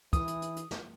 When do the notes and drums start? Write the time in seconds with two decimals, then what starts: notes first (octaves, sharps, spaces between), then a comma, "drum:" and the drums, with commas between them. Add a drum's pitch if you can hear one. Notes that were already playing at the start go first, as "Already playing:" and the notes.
0.13 E3 D#6, drum: kick, hi-hat
0.27 drum: hi-hat
0.42 drum: hi-hat
0.56 drum: hi-hat
0.71 drum: snare